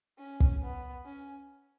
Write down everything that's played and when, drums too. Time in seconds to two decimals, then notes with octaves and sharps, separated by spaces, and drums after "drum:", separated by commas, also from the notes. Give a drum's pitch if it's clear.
0.19 C#4
0.40 drum: kick
0.62 B3
1.05 C#4